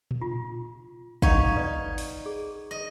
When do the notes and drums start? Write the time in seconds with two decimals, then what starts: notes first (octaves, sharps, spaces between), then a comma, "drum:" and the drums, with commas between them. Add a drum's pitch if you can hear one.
0.11 drum: tom A#2
0.22 F4
1.22 D#4 C#5 F5 F#5 C#6, drum: kick
1.56 B4 D5
1.98 drum: open hi-hat
2.26 G#4
2.71 D#5